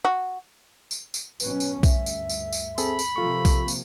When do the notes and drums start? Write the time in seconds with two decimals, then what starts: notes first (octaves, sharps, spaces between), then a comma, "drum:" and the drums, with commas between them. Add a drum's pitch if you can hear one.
0.05 F#4
0.91 drum: tambourine
1.14 drum: tambourine
1.40 B2 F#3 C#4 B4, drum: tambourine
1.60 drum: tambourine
1.83 D2 G2 E5, drum: kick B1, tambourine
2.06 drum: tambourine
2.29 drum: tambourine
2.53 drum: tambourine
2.78 C4 G#4 A4 B5, drum: tambourine
2.99 drum: tambourine
3.16 C3 F3 A#3 F4 A4 C#6
3.45 drum: kick B1, tambourine
3.68 drum: tambourine